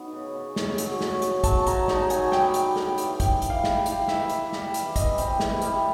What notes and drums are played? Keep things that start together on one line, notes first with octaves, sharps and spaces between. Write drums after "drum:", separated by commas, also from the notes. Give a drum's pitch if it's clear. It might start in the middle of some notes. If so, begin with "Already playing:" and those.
Already playing: F#3 B3 D#4
C#3
C#3
C#3, drum: snare
F#3, drum: hi-hat
C#3, drum: snare
C#3, drum: hi-hat
F#3 A5, drum: kick, hi-hat
C#3 A#5, drum: hi-hat
D#4 A#5, drum: snare
F#3 G#5, drum: hi-hat
G3 G5, drum: snare
G3, drum: hi-hat
G3, drum: snare
E3, drum: hi-hat
G3 G5, drum: kick, hi-hat
E3, drum: hi-hat
F5
G3, drum: snare
G3, drum: hi-hat
E3 E5, drum: snare
E3, drum: hi-hat
G3, drum: snare
E3, drum: hi-hat
E3 D#5, drum: kick, hi-hat
C4, drum: hi-hat
E3, drum: snare
G3, drum: hi-hat